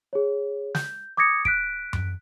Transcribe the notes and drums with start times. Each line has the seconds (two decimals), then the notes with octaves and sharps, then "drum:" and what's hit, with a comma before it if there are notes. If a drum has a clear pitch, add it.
0.13 G#4 C#5
0.75 G6, drum: snare
1.17 D6 D#6 G#6 A#6 C#7
1.45 F#6 B6 D7, drum: kick
1.93 drum: tom F#2